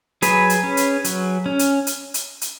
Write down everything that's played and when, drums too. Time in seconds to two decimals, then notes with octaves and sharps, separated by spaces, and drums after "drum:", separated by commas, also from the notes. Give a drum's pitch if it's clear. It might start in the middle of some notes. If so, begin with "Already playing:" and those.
0.22 F#3 G#4 B4, drum: hi-hat
0.50 drum: hi-hat
0.63 C#4
0.77 drum: hi-hat
1.04 F#3, drum: hi-hat
1.46 C#4
1.59 drum: hi-hat
1.87 drum: hi-hat
2.14 drum: hi-hat
2.41 drum: hi-hat